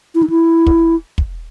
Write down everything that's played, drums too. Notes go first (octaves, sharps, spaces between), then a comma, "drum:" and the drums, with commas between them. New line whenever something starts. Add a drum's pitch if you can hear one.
E4
D#4
E4
drum: kick
drum: kick